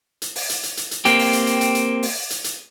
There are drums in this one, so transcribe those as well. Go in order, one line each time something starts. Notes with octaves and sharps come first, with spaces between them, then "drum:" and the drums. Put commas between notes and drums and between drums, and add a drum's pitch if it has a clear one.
drum: hi-hat
drum: open hi-hat
drum: hi-hat
drum: hi-hat
drum: hi-hat
drum: hi-hat
A#3 C4 G4, drum: hi-hat
drum: open hi-hat
drum: hi-hat
drum: hi-hat
drum: hi-hat
drum: hi-hat
drum: open hi-hat
drum: hi-hat
drum: hi-hat